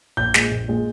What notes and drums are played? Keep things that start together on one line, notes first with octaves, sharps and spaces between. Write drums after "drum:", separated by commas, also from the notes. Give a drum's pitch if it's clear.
A#1 G6
A#2 G#3, drum: snare
A#1
A#2 G#3